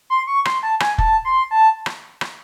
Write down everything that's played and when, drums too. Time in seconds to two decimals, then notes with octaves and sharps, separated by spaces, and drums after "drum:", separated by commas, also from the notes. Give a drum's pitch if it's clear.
0.10 C6
0.27 C#6
0.45 C6, drum: rim click
0.63 A5
0.80 G#5, drum: rim click
0.98 A5, drum: kick
1.25 C6
1.51 A5
1.86 drum: rim click
2.21 drum: rim click